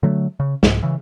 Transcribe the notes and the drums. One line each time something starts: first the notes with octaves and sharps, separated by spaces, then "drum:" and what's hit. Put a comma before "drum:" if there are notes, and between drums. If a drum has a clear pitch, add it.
D3 F#3 A3
C#3
C2 G#2, drum: snare
C#3 E3